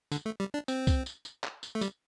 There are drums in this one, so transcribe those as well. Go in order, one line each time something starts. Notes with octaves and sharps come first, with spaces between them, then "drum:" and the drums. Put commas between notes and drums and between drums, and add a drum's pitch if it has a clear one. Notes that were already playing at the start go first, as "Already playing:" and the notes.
D3, drum: tambourine
A3
G3
D4
C4, drum: tambourine
drum: kick C2, tambourine
drum: tambourine
drum: tambourine
drum: clap
drum: tambourine
A3
G3, drum: tambourine